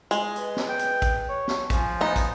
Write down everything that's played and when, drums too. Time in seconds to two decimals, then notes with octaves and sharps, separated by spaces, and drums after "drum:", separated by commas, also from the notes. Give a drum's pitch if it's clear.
0.11 G#3, drum: hi-hat
0.36 B4, drum: hi-hat
0.56 drum: snare
0.69 G5
0.79 drum: hi-hat
1.02 drum: kick, hi-hat
1.29 C#5
1.48 drum: snare
1.70 F3 G#5, drum: kick, hi-hat
2.01 B3 D#4
2.16 drum: kick, hi-hat